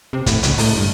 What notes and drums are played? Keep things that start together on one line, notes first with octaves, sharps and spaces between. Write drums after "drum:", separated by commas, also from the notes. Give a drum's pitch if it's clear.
C3
A2, drum: kick, hi-hat
C#2, drum: hi-hat
A2, drum: open hi-hat
G2